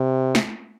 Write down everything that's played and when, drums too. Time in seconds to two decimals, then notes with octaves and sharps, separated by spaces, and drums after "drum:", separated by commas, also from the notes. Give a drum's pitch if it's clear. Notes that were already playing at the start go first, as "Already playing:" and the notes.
Already playing: C3
0.35 drum: snare